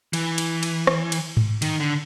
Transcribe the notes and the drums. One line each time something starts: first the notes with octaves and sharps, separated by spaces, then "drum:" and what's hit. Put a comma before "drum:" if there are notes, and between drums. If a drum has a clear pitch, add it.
E3, drum: cymbal
drum: cymbal
drum: cymbal
drum: rim click
drum: cymbal
drum: tom G#2
D#3, drum: cymbal
D3